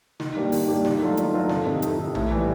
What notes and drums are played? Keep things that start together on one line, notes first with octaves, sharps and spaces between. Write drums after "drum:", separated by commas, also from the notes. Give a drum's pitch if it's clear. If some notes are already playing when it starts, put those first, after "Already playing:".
D#3, drum: snare
G3 A#3 D4 G4
D#3, drum: open hi-hat
G3 A#3 D4 G4
D#3, drum: snare
F#3 A3 D4 F4
D#3, drum: hi-hat
F#3 A3 D4 F4
F2, drum: snare
C3 D#3
F2, drum: hi-hat
C3 D#3
A2, drum: tom A#1
E3 G3